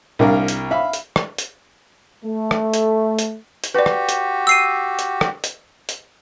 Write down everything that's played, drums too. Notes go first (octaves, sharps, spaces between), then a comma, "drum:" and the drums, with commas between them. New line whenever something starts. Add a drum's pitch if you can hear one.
C2 D4 A#4 F5
drum: hi-hat
E5 F5 B5
drum: hi-hat
drum: rim click
drum: hi-hat
A3
drum: rim click
drum: hi-hat
drum: hi-hat
drum: hi-hat
F#4 G4 B4 D5
drum: rim click
drum: hi-hat
E6 C7 D#7
drum: hi-hat
drum: rim click
drum: hi-hat
drum: hi-hat